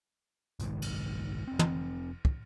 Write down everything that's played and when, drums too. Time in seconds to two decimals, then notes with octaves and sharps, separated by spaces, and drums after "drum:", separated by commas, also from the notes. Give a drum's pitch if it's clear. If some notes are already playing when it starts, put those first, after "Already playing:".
0.60 F#1 B1 G#2 D#3, drum: hi-hat
0.82 drum: cymbal
1.48 F1 C4
1.59 drum: tom
2.25 drum: kick